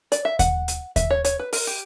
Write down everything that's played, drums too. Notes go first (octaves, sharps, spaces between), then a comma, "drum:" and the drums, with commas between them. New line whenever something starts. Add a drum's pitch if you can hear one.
D5, drum: hi-hat
E5
F#5, drum: kick D#2, hi-hat
drum: hi-hat
E5, drum: kick D#2, hi-hat
C#5
C#5, drum: hi-hat
B4
A#4, drum: open hi-hat
G4